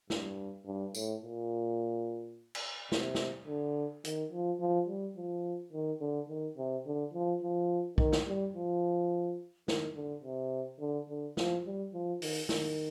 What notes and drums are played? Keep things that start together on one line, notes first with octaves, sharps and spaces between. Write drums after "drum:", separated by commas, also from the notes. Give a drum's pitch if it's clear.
G2, drum: snare
G2
A2, drum: tambourine
A#2
drum: cymbal
C3, drum: snare
drum: snare
D3
D#3, drum: hi-hat
F3
F3
G3
F3
D#3
D3
D#3
C3
D3
F3
F3
D#3, drum: kick B1
drum: snare
G3
F3
D#3, drum: snare
D3
C3
D3
D3
F3, drum: snare
G3
F3
D#3, drum: open hi-hat
D#3, drum: snare